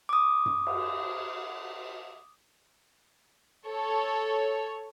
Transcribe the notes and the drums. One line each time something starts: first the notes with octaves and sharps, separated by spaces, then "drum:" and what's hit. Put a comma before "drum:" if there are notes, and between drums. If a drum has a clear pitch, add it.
D6 D#6
drum: tom F#2
drum: cymbal
A4 C#5